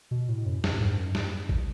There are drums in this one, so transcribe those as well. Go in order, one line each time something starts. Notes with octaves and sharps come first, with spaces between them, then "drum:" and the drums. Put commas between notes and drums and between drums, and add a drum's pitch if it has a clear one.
B2
A2
F#2
F#2, drum: snare
G#2
F#2
drum: snare
drum: kick G1